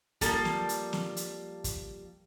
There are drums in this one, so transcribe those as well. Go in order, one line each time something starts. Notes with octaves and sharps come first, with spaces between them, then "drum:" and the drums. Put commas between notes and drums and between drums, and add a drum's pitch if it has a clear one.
F3 G3 A#3 A4, drum: kick, hi-hat
drum: snare
drum: hi-hat
drum: snare
drum: hi-hat
drum: kick, hi-hat